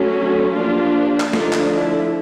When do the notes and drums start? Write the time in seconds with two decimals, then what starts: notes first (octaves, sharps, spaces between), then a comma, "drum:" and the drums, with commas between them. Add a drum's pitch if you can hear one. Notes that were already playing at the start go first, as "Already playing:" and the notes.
Already playing: D3 F#3 A3 C#4
0.52 F3 A#3 D4 F4 G4
1.20 drum: clap
1.33 D3 F3 A3 D4 D#4 F4, drum: snare
1.53 drum: clap
1.74 D4 E4